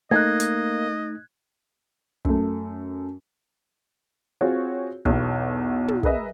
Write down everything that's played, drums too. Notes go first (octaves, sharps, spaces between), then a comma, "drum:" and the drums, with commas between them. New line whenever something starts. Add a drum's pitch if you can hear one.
A3 A#3 D#4 D#5 F#6 G#6
drum: hi-hat
F#2 A3, drum: kick
C4 F4 F#4 G#4 C#5
B1 E2 B2, drum: kick
drum: tom
G#4 A#4 B4 D#5 E5, drum: kick